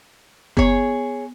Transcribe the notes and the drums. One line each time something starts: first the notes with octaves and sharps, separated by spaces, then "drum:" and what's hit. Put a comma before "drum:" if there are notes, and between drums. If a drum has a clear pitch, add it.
B3 G#4 C#5, drum: kick F#1